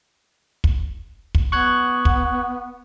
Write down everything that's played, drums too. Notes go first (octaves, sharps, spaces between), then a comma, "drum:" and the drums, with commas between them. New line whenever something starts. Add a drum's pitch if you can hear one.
drum: kick
drum: kick
B3 C#6 F#6 G#6
drum: kick